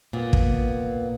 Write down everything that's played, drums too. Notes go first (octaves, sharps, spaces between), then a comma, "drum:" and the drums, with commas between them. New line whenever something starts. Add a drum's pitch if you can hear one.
A#2 B3
drum: kick